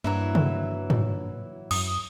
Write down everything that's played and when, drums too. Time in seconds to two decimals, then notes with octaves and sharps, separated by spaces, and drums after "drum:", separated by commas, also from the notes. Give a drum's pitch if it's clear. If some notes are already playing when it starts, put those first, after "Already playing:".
0.04 G2 E3 F#3 A#3 D4 E4 A#5
0.35 drum: tom C3
0.90 drum: tom G#2
1.71 F#2 D#6, drum: cymbal